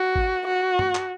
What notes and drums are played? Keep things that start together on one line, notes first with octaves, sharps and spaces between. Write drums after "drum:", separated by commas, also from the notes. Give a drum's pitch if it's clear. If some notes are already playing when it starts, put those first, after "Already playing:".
Already playing: F#4
drum: kick G#1
F#4
drum: tom
drum: clap